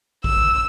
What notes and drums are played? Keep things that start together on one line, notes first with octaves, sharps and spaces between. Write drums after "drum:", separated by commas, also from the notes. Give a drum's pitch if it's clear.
E6, drum: kick